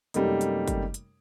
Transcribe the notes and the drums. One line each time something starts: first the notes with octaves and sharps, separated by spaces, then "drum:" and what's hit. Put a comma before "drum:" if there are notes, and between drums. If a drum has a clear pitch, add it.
F#2 C3 G3 A3 A#3 D#4, drum: hi-hat
drum: hi-hat
drum: kick, hi-hat
drum: hi-hat